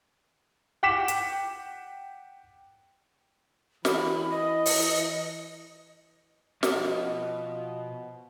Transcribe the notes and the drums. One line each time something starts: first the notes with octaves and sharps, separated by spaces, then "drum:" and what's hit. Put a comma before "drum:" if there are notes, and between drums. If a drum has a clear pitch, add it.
F#5 G5 D6 B6 E7
drum: hi-hat
E3 B5, drum: snare
D#5
drum: open hi-hat
B2 F3 D#5, drum: snare